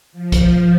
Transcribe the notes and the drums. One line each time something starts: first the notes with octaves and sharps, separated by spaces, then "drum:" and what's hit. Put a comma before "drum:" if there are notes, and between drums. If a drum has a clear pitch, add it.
F3
drum: kick, hi-hat